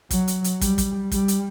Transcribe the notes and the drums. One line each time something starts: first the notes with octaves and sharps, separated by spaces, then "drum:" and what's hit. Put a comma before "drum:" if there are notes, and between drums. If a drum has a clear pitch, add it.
F#3, drum: kick, hi-hat
drum: hi-hat
drum: hi-hat
G3, drum: kick, hi-hat
drum: kick, hi-hat
G3, drum: kick, hi-hat
drum: hi-hat